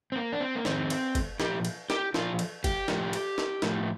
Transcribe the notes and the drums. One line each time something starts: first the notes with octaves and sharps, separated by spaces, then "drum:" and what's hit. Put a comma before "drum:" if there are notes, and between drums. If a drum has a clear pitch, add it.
C4
A#3
D4
C4
A#3
F2 D#3 C4, drum: snare
drum: cymbal
drum: kick, cymbal
A#2 F3 G4, drum: snare
drum: cymbal
G4, drum: snare
A#2 F3 F4, drum: snare
drum: cymbal
G4, drum: kick, cymbal
A2 F3, drum: snare
drum: cymbal
drum: snare
A2 F3, drum: snare